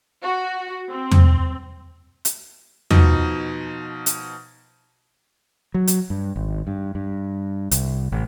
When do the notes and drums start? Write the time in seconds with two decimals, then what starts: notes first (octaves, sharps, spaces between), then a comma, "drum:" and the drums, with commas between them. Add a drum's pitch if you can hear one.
0.22 F#4
0.90 C4
1.11 drum: tom E2
2.25 drum: hi-hat
2.90 B2 F3 D#4, drum: tom E2
4.06 drum: hi-hat
5.74 F#3
5.87 drum: hi-hat
6.10 G2
6.36 G#1
6.67 G2
6.95 G2
7.71 C2, drum: hi-hat
8.12 A1